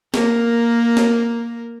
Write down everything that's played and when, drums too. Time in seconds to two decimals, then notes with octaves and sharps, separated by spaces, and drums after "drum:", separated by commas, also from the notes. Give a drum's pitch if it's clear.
0.14 A#3 A#4, drum: snare
0.97 drum: snare